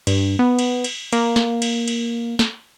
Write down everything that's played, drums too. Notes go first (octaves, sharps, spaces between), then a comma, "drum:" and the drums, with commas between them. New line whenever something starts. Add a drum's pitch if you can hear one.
G2, drum: cymbal
B3
drum: cymbal
drum: cymbal
A#3, drum: cymbal
drum: snare
drum: cymbal
drum: cymbal
drum: snare